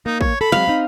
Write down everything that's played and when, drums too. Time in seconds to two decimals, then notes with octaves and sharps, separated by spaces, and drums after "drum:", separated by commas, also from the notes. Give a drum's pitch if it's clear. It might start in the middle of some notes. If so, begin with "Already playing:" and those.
0.06 A#3 D#4
0.21 C#5, drum: kick
0.41 A4 B5
0.52 F#3 G#3 C4 F5
0.68 C4 D#4